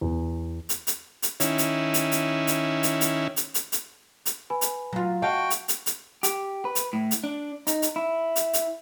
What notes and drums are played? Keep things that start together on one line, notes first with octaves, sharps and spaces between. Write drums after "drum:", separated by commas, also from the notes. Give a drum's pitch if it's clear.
E2
drum: hi-hat
drum: hi-hat
drum: hi-hat
D#3 C#4 E4, drum: hi-hat
drum: hi-hat
drum: hi-hat
drum: hi-hat
drum: hi-hat
drum: hi-hat
drum: hi-hat
drum: hi-hat
drum: hi-hat
drum: hi-hat
drum: hi-hat
B4 G#5 B5
drum: hi-hat
F#3 F4
F#4 D#5 F5 G5 A5 C#6
drum: hi-hat
drum: hi-hat
drum: hi-hat
G4, drum: hi-hat
B4
drum: hi-hat
A2
drum: hi-hat
D4
D#4, drum: hi-hat
drum: hi-hat
E4
drum: hi-hat
drum: hi-hat